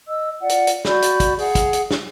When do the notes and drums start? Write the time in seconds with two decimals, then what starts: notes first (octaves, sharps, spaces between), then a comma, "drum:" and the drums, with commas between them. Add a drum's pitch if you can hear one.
0.07 D#5 E6
0.40 F4 D5 F#5
0.49 drum: hi-hat
0.67 drum: hi-hat
0.85 F#4 D5 B5 G6, drum: snare
1.02 drum: hi-hat
1.20 drum: kick, hi-hat
1.38 G#4 F#5, drum: open hi-hat
1.55 drum: kick, hi-hat
1.73 drum: hi-hat
1.91 drum: snare